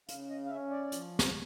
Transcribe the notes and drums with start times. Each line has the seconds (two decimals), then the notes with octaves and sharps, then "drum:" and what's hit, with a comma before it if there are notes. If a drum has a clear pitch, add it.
0.09 C#3 F5, drum: hi-hat
0.30 D#5
0.45 F5
0.50 C#4 E5
0.70 D5
0.92 F3, drum: hi-hat
1.19 drum: snare